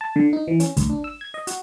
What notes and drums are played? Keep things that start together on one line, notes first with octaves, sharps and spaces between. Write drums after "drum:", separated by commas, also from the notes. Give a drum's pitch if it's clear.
A5
D3
D#4
E3
C#4, drum: hi-hat
D2, drum: kick, hi-hat
D4
E6
G#6
D#5
F#4, drum: hi-hat